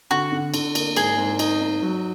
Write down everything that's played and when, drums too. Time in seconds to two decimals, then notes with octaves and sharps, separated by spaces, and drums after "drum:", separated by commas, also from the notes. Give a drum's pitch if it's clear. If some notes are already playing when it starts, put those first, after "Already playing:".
0.11 D3 F#4
0.32 D3
0.54 D3, drum: cymbal
0.75 A#3, drum: cymbal
0.96 G#2 G#4, drum: cymbal
1.18 G#2
1.39 D#4, drum: cymbal
1.61 D#4
1.82 F#3